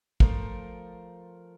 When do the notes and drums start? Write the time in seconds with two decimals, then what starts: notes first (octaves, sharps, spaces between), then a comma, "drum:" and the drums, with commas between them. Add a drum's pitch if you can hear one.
0.20 F3 A3 A#4 C5, drum: kick